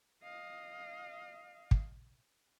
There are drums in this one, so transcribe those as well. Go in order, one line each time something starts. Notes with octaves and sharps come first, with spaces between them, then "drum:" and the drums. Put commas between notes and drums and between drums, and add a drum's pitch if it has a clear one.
D#5 F5
drum: kick